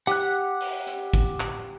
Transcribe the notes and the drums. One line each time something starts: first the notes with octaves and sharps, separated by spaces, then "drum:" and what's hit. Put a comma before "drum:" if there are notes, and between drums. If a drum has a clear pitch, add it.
G4 F#5 F#6, drum: hi-hat
drum: open hi-hat
drum: hi-hat
drum: kick, hi-hat
drum: clap